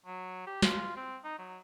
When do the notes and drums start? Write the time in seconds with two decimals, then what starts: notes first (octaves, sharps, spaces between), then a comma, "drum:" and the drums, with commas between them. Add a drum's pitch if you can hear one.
0.06 F#3
0.47 G4
0.62 F4, drum: snare
0.96 C4
1.24 D#4
1.39 F#3